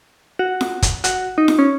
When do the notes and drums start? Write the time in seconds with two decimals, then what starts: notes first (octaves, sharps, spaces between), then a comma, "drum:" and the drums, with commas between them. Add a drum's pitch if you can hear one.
0.39 F#4
0.61 drum: snare
0.82 drum: kick, hi-hat
1.04 F#4, drum: hi-hat
1.38 D#4
1.48 drum: snare
1.59 C#4